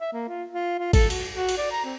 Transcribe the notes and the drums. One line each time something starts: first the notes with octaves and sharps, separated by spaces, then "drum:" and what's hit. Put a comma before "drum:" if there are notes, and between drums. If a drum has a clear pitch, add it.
E5
A#3
F4
F4
F4
A4, drum: kick, cymbal
F#4, drum: cymbal
F#4
drum: cymbal
D5
A#5
C4